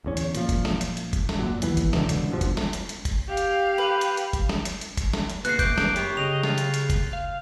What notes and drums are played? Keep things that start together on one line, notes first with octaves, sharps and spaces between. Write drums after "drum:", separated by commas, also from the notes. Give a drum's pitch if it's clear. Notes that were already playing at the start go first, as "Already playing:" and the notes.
D1 E2 C#4
drum: hi-hat
A#2 F3, drum: hi-hat
drum: kick, hi-hat
drum: snare
drum: hi-hat
drum: hi-hat
drum: kick, hi-hat
drum: snare
F#2 A#2 F#3
D#2 E3 B3, drum: hi-hat
drum: kick, hi-hat
E1 C#2 B2 D3, drum: snare
drum: hi-hat
G2 B2 F3
drum: kick, hi-hat
drum: snare
drum: hi-hat
drum: hi-hat
drum: kick, hi-hat
G4 F5
drum: hi-hat
B4
drum: hi-hat
drum: hi-hat
drum: kick, hi-hat
drum: snare
drum: hi-hat
drum: hi-hat
drum: kick, hi-hat
drum: snare
drum: hi-hat
A#2 C#3 B3 F#4 B4 F#6 C7, drum: hi-hat
F#2 D6 G6, drum: kick, hi-hat
drum: snare
B3 G4 C#5, drum: hi-hat
C#3 D#5 F7
F4, drum: snare
drum: hi-hat
drum: hi-hat
drum: kick, hi-hat
F5